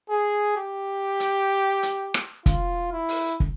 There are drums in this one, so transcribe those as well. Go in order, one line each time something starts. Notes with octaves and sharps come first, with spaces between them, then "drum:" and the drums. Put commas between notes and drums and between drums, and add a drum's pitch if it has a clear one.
G#4
G4
drum: hi-hat
drum: hi-hat
drum: rim click
F4, drum: kick, hi-hat
E4
drum: open hi-hat
drum: kick